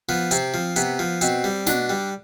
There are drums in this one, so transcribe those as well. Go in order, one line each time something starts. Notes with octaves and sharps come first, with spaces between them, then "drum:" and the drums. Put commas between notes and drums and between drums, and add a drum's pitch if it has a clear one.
F3 B3
C3 C4, drum: hi-hat
F3
C3 B3, drum: hi-hat
F3
B2 C4, drum: hi-hat
G3
B2 D4, drum: snare
G3